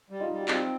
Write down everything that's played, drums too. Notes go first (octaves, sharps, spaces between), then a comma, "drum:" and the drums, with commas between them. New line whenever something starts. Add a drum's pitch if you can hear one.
G3
D#4 F4
G3
F#4
C4 D#4 F4, drum: clap